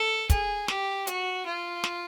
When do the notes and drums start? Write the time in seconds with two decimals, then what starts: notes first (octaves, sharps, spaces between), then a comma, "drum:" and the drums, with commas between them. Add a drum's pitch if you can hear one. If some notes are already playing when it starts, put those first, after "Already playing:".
Already playing: A4
0.30 G#4, drum: kick, hi-hat
0.68 G4, drum: snare
1.07 F#4, drum: hi-hat
1.46 F4
1.84 drum: snare